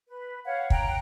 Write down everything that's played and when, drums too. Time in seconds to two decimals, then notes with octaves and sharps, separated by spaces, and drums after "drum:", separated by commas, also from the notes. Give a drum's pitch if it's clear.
0.09 B4
0.46 C#5 F5 F#5
0.70 G5 A#5 F#6, drum: kick